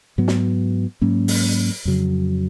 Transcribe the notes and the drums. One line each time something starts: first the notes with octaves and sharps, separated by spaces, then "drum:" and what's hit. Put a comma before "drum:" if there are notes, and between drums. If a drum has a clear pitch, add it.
G#2 F#3 B3
drum: snare
G#2 F#3 A#3 C#4
drum: open hi-hat
F2 C#3 F#3